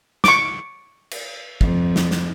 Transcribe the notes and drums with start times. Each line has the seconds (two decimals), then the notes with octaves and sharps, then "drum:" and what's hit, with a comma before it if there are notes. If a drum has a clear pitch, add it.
0.24 C#6 D6, drum: snare
1.11 drum: cymbal
1.61 F2, drum: kick
1.96 drum: snare
2.11 drum: snare